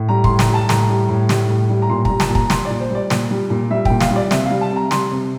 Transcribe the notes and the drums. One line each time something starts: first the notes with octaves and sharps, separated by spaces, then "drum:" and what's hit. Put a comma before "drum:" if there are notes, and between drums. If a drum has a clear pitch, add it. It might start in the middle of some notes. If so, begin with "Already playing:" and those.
Already playing: A2
G3 A#5
C6, drum: kick
A2
A#5, drum: snare
G3 A5
A2 A#5, drum: snare
G3
A2
G3, drum: snare
A2
G3
A#5
A#2 C6
G3 A#5, drum: kick
A5, drum: snare
A#2
A#5, drum: kick
G3 C6, drum: snare
D5
A#2
C5
G3 D5
A#2, drum: snare
G3
A#2
G3 E5
A#2 G5, drum: kick
F5, drum: snare
G3 D5
C3 E5, drum: snare
F5
G3
A5
C3
A#5
G3 C6, drum: snare
C3